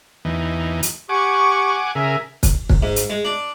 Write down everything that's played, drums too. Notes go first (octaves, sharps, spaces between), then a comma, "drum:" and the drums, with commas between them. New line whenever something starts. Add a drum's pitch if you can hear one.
E2 E3 D#4
drum: hi-hat
G4 F#5 G#5 C#6 D6
C#3 G#4 A#4 E5
drum: kick, hi-hat
drum: kick
G#2
drum: hi-hat
G#3
D4